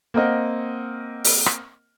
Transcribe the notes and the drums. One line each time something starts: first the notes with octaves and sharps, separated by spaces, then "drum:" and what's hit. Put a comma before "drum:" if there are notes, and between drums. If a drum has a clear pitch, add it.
A#3 C4 A#4 D#5 F#5
drum: open hi-hat
drum: rim click